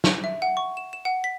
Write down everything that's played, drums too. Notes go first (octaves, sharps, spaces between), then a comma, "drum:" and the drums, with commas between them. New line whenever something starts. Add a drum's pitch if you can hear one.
drum: snare
E5
F#5
C#6
E7
E7
F#5
B6